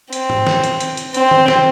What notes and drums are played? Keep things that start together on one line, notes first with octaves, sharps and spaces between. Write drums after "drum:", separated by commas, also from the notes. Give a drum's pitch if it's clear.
C4, drum: hi-hat
drum: tom
drum: snare
drum: hi-hat
drum: hi-hat
drum: hi-hat
C4, drum: hi-hat
drum: tom D#3
drum: snare